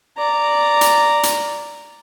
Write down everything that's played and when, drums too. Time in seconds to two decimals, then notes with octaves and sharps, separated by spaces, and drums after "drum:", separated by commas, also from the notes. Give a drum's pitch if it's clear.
0.18 D5 A#5
0.81 drum: hi-hat
1.23 drum: hi-hat